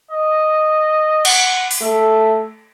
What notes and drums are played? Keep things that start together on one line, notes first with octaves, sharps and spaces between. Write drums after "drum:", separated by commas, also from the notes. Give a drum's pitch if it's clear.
D#5
F#5, drum: cymbal
drum: open hi-hat
A3 E5